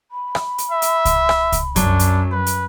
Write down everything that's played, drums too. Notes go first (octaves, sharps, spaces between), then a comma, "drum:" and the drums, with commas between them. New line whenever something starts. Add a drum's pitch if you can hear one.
B5
drum: rim click
drum: hi-hat
E5
drum: hi-hat
drum: kick C2, hi-hat
drum: rim click
drum: kick C2, hi-hat
F#2 F#3 D4, drum: kick C2, hi-hat
drum: hi-hat
B4
drum: hi-hat